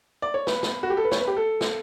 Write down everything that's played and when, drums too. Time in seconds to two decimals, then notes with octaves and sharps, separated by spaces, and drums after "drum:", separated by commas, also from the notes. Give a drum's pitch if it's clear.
0.22 D5
0.34 C#5
0.47 B4, drum: snare
0.63 drum: snare
0.83 F#4
0.90 G4
0.97 A4
1.05 B4
1.11 C#5, drum: snare
1.20 B4
1.27 G4
1.37 A4
1.61 drum: snare